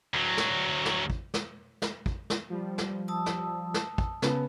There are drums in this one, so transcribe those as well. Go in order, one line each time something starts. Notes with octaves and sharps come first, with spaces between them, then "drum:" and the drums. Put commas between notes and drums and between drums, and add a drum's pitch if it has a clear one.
D2 F#3
drum: snare
drum: snare
drum: kick
drum: snare
drum: snare
drum: kick
drum: snare
F3 G3
drum: snare
A5 D#6 E6
drum: snare
drum: snare
drum: kick
C#3 B3, drum: snare